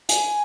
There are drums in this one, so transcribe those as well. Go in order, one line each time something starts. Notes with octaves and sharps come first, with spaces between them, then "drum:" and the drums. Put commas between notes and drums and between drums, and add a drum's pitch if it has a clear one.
G#5, drum: hi-hat